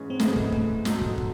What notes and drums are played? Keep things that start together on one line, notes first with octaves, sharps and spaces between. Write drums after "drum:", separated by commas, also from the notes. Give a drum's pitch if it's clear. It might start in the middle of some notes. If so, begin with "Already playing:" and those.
Already playing: G#2 E3 G#3 C#4 G#4
C4
G#2 E3 G#3 A3 C#4 G#4, drum: snare
drum: kick
A3, drum: kick
F#3 C4 D#4 A4, drum: snare
drum: kick
drum: kick